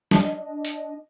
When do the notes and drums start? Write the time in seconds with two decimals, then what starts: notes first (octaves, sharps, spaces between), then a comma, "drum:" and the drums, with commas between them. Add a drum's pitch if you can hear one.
0.11 D4 D#5, drum: snare
0.65 drum: hi-hat